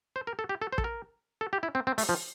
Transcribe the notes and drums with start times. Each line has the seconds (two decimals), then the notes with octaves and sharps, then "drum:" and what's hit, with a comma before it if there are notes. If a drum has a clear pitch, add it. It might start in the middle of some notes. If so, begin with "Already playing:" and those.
0.16 C5
0.27 A#4
0.39 A4
0.49 G4
0.62 A4
0.73 C5
0.78 A4, drum: kick
0.84 A#4
1.41 A4
1.53 G4
1.63 E4
1.75 C4
1.87 C4
1.98 A3, drum: open hi-hat
2.09 F3